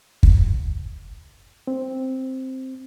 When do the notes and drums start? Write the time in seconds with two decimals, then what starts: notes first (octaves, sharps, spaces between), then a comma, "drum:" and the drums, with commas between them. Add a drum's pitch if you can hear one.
0.23 drum: kick
1.67 C4